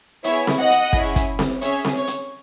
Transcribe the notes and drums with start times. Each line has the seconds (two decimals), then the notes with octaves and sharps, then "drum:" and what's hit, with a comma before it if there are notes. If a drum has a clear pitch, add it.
0.24 B3 E4 G#4 C#5 E5, drum: hi-hat
0.47 drum: snare C4
0.59 D#5 F#5
0.70 drum: hi-hat
0.93 C#4 E4 G#4, drum: kick
1.16 drum: kick, hi-hat
1.39 drum: snare C4
1.62 C#4 G#4 C#5 E5, drum: hi-hat
1.85 drum: snare C4
1.96 C#5
2.07 drum: hi-hat